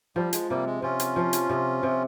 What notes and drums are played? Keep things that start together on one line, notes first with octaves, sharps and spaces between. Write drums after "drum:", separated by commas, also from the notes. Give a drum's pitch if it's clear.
F3 G3
G#3, drum: hi-hat
C3 G3 A#3
G#3
C3 C#4 F4
drum: hi-hat
F3
drum: hi-hat
C3
C3